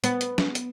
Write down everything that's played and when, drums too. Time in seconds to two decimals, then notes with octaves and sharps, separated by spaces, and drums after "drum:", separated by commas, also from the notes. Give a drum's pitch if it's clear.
0.04 B3, drum: hi-hat
0.21 drum: hi-hat
0.38 drum: snare
0.55 drum: hi-hat